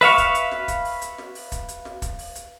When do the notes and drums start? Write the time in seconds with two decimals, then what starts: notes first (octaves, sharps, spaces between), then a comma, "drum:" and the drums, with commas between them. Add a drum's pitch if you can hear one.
0.01 B4 E5 F5 C#6, drum: open hi-hat
0.18 drum: kick, hi-hat
0.35 drum: hi-hat
0.51 drum: snare
0.68 drum: kick, hi-hat
0.85 drum: open hi-hat
1.02 drum: hi-hat
1.18 drum: snare
1.35 drum: open hi-hat
1.52 drum: kick, hi-hat
1.69 drum: hi-hat
1.85 drum: snare
2.02 drum: kick, hi-hat
2.19 drum: open hi-hat
2.35 drum: hi-hat